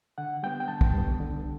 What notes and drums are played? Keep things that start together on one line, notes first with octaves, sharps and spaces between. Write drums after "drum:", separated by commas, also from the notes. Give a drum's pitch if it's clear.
D3 F#5
G3 B3 G5
G5
D3 A5
drum: kick B1
G3 B3
D3